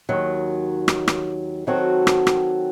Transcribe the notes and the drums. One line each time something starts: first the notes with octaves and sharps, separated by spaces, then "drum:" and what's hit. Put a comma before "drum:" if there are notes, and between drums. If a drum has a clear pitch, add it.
D#2 D#3 F#3
drum: rim click
drum: rim click
D#3 F#3 C4 F#4 A4
drum: rim click
drum: rim click